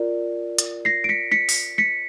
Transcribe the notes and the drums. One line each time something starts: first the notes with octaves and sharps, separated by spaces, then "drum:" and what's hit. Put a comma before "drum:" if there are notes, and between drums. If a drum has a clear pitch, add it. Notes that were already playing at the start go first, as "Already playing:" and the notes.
Already playing: F4 A#4 D5
drum: hi-hat
A#6 C7
D7
B6 C#7
B6 C#7
drum: open hi-hat
B6 C#7